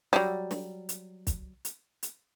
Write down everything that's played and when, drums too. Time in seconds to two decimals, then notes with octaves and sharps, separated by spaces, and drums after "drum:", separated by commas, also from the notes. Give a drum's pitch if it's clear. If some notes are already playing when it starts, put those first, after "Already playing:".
0.13 F#3 G3, drum: snare
0.51 drum: snare
0.89 drum: hi-hat
1.27 drum: kick, hi-hat
1.65 drum: hi-hat
2.03 drum: hi-hat